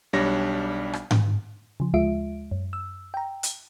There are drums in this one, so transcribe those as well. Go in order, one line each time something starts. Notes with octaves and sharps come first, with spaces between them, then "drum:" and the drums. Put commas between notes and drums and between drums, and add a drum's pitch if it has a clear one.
B1 G3 D4 C#5 A#6
drum: rim click
drum: tom G#2
C#3 F3
D2 G#3 F4 E5 D7
F#2
E6
G5 A#5
drum: hi-hat